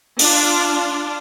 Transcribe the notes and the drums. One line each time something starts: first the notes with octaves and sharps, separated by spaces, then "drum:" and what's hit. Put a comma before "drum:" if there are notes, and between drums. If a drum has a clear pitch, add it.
D4 F4, drum: open hi-hat